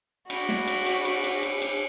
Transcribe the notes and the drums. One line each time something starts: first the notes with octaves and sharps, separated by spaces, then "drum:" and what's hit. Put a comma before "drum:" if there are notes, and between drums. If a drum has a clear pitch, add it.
F#4 D5 B5, drum: cymbal
drum: snare
drum: cymbal
drum: cymbal
drum: cymbal
drum: cymbal
drum: cymbal
drum: cymbal